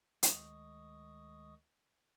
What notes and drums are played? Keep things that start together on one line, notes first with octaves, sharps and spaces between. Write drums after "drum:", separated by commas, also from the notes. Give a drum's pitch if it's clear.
D2 D#3 G#3 D#5 C#6 D#6, drum: hi-hat